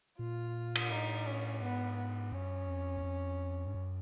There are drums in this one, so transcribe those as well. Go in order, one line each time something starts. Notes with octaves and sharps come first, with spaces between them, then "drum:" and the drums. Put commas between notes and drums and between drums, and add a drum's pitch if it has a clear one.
A#2 F4
drum: cymbal
A2 D#4
C#4
G#2 B3
B3
F#2 C#4
F2
E2
F2
G2
F#2